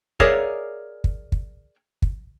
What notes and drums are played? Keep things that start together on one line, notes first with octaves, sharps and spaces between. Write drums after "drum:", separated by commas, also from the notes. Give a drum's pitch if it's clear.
G#4 A#4 C#5 D5 E5 F5, drum: kick
drum: kick
drum: kick
drum: kick